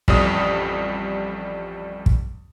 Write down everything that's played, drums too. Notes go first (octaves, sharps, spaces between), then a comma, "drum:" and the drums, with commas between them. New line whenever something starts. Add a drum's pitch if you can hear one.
A1 F2 G3 D#6, drum: kick
drum: kick